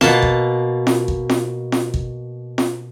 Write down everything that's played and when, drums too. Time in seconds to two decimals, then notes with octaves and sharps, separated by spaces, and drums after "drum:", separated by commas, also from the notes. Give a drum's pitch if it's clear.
0.01 B2 A#3 A5, drum: snare
0.22 drum: kick
0.87 drum: snare
1.08 drum: kick
1.29 drum: snare
1.72 drum: snare
1.94 drum: kick
2.58 drum: snare